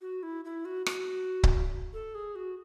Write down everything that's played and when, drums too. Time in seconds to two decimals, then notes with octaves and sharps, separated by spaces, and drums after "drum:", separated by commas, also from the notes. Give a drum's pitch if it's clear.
0.01 F#4
0.23 E4
0.45 E4
0.65 F#4
0.86 F#4, drum: rim click
1.43 drum: kick C#1
1.93 A4
2.15 G#4
2.35 F#4